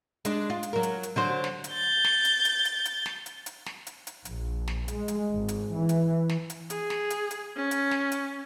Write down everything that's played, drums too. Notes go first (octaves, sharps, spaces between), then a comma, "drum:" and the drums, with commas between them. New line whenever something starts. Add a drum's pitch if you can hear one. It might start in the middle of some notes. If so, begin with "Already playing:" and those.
G#3 D4, drum: hi-hat
F4
drum: hi-hat
F#3 A#4
drum: hi-hat
drum: hi-hat
D3 F#3 C5
drum: snare
drum: hi-hat
G6 A6
drum: snare
drum: hi-hat
drum: hi-hat
drum: hi-hat
drum: hi-hat
drum: snare
drum: hi-hat
drum: hi-hat
drum: snare
drum: hi-hat
drum: hi-hat
A#1, drum: hi-hat
drum: snare
G#3, drum: hi-hat
drum: hi-hat
G#1
drum: hi-hat
E3
drum: hi-hat
drum: snare
drum: hi-hat
G#4, drum: hi-hat
drum: snare
drum: hi-hat
drum: hi-hat
C#4
drum: hi-hat
drum: snare
drum: hi-hat